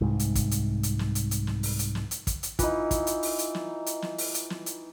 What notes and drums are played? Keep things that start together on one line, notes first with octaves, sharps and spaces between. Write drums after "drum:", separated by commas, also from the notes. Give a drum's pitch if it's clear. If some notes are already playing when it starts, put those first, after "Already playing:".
C2 G#2
drum: hi-hat
drum: kick, hi-hat
drum: hi-hat
drum: hi-hat
drum: snare
drum: hi-hat
drum: hi-hat
drum: snare
drum: open hi-hat
drum: hi-hat
drum: snare
drum: hi-hat
drum: kick, hi-hat
drum: hi-hat
E3 D#4 F4, drum: kick, hi-hat
drum: kick, hi-hat
drum: hi-hat
drum: open hi-hat
drum: hi-hat
drum: snare
drum: hi-hat
drum: snare
drum: open hi-hat
drum: hi-hat
drum: snare
drum: hi-hat